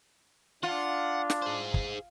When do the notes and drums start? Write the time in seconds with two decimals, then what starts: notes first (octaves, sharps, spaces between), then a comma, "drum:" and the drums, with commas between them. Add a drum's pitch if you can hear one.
0.63 D4 F4 F#5
1.30 drum: snare
1.42 G#4 C5
1.74 drum: kick